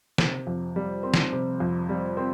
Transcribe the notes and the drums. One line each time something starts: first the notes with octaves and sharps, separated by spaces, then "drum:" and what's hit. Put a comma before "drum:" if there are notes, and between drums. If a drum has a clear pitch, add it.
C3, drum: snare
F2
G3
C4
drum: snare
C3
F2
G3
C4